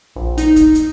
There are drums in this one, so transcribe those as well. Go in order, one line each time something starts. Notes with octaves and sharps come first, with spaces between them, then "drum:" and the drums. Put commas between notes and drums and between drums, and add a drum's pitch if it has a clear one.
A#1
D#4, drum: hi-hat
drum: kick, hi-hat
drum: hi-hat